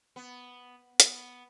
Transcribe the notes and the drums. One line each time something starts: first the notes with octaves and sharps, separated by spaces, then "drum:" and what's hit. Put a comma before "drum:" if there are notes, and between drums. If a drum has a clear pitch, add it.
B3
B3, drum: hi-hat